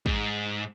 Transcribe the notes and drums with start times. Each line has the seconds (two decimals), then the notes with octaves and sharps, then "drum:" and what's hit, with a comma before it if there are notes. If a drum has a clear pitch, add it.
0.06 G#2, drum: kick